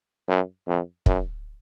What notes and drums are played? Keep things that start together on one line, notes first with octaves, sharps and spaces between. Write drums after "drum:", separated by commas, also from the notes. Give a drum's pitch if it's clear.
F#2
F2
F#2, drum: kick